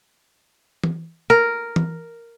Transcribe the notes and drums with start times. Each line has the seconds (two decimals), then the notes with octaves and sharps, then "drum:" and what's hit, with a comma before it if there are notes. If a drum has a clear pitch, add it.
0.84 drum: tom E3
1.30 A#4
1.76 drum: tom E3